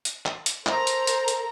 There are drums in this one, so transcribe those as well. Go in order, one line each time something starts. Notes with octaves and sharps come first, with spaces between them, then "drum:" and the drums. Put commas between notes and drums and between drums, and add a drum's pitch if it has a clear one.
drum: hi-hat
drum: clap
drum: hi-hat
A4 A#4 C5 A#5, drum: clap
drum: hi-hat
drum: hi-hat
drum: hi-hat